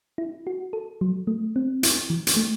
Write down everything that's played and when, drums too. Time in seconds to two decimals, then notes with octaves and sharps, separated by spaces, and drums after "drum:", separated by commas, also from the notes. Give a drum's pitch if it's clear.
0.18 E4
0.47 F#4
0.73 A4
1.01 F#3
1.27 A3
1.56 C4
1.83 E4, drum: hi-hat
2.10 E3
2.27 drum: hi-hat
2.36 A3